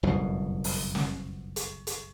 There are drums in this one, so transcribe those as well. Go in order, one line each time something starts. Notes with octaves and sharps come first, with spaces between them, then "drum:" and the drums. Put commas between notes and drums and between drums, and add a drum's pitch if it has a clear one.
F#1 C2 F2 B2
drum: open hi-hat
drum: snare
drum: hi-hat
drum: hi-hat